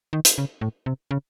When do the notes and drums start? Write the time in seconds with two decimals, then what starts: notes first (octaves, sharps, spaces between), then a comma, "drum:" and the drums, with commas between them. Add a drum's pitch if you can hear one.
0.13 D#3
0.25 drum: hi-hat
0.38 C#3
0.61 A2
0.86 C3
1.11 C#3